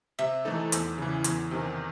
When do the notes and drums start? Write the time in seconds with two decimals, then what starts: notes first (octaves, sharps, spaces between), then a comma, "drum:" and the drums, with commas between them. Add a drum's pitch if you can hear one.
0.19 C3 E5
0.45 E3 A3 D#4 A4
0.72 E2, drum: hi-hat
0.98 C#3 E3
1.24 E2, drum: hi-hat
1.51 C3 D#3